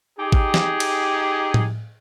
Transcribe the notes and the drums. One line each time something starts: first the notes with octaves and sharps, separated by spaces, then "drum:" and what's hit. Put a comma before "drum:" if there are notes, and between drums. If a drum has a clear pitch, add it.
D#4 G4 G#4
drum: kick G#1
drum: snare
drum: cymbal
drum: tom A2